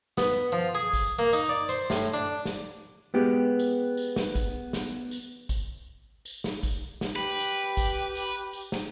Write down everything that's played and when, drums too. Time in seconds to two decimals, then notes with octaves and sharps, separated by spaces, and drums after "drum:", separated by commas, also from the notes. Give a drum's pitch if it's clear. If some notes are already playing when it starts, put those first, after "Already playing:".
0.18 B3, drum: snare
0.52 F3
0.75 G#4
0.93 drum: kick, tambourine
1.19 A#3
1.33 D#4, drum: tambourine
1.49 D5
1.69 C5, drum: tambourine
1.90 A2, drum: snare
2.13 D4
2.45 drum: snare
3.14 G#3 B3 G4
3.59 drum: tambourine
3.97 drum: tambourine
4.16 drum: snare
4.35 drum: kick, tambourine
4.73 drum: snare
5.11 drum: tambourine
5.49 drum: kick, tambourine
6.25 drum: tambourine
6.44 drum: snare
6.63 drum: kick, tambourine
7.01 drum: snare
7.16 G4 B4
7.39 drum: tambourine
7.77 drum: kick, tambourine
8.15 drum: tambourine
8.53 drum: tambourine
8.72 drum: snare